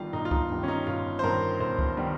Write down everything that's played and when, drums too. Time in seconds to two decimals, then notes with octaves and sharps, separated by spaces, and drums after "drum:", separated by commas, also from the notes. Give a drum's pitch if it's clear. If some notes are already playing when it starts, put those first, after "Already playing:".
Already playing: G1 G2 D#3 G3 F4
0.13 G1 D#4
0.25 F4
0.31 D#4, drum: kick C#2
0.50 G2 D#3 G3
0.63 C#4
0.68 D#4
0.87 G1 F4
1.19 C5
1.23 G2 D#3 G3 A#4
1.60 G1 C5
1.79 drum: kick C#2
1.97 D#3 G3